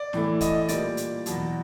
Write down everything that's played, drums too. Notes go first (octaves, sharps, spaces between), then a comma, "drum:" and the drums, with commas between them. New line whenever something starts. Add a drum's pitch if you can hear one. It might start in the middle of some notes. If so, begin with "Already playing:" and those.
Already playing: D5
A2 E3 A3, drum: snare
D#5, drum: kick, hi-hat
D#5
A#2 G3 A#3 D5, drum: hi-hat
drum: hi-hat
E2 B2 F#3, drum: hi-hat